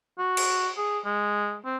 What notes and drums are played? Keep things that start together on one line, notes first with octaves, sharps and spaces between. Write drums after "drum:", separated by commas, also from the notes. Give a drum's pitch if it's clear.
F#4
drum: cymbal
G#4
G#3
C4